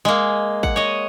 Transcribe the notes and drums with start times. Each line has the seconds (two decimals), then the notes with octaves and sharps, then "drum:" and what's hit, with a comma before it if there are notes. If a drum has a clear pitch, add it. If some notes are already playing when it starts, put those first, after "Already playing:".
0.05 G#3 A#3
0.63 F#5, drum: kick
0.76 C#5 D#5